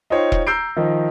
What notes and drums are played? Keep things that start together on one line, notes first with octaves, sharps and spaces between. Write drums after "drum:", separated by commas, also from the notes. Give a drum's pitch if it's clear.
D#4 F4 C5 C#5 G5
drum: kick E1
A#5 E6 G6 C7 D7
D#3 F3 D#4